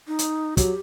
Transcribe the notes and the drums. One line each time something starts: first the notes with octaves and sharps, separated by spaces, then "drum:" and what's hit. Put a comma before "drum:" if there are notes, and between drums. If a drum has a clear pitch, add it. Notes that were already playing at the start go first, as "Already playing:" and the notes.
D#4
drum: hi-hat
F#3 G4, drum: kick, hi-hat